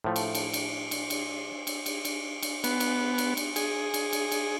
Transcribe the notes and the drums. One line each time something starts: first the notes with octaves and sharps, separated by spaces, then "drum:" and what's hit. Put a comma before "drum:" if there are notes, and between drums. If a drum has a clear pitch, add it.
A2 F3 A3
drum: cymbal
drum: cymbal
drum: cymbal
drum: cymbal
drum: cymbal
drum: cymbal
drum: cymbal
drum: cymbal
drum: cymbal
B3, drum: cymbal
drum: cymbal
drum: cymbal
drum: cymbal
G#4, drum: cymbal
drum: cymbal
drum: cymbal
drum: cymbal